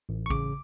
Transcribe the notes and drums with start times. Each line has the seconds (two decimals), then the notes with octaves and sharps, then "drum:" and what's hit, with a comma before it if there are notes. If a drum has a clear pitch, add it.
0.09 A1
0.26 C#6
0.30 C#3 D6, drum: kick A1